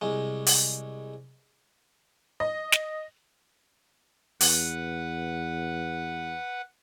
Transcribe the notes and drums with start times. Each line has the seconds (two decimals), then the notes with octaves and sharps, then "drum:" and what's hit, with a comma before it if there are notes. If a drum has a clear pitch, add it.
0.01 C2 G#3
0.47 drum: open hi-hat
2.40 D#5
2.72 drum: snare
4.41 E2 B4 F#5, drum: open hi-hat